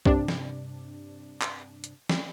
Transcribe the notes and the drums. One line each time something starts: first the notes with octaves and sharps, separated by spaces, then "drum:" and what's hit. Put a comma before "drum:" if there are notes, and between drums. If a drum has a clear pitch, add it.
G2 C3 D4, drum: kick
drum: snare
drum: clap
drum: hi-hat
drum: snare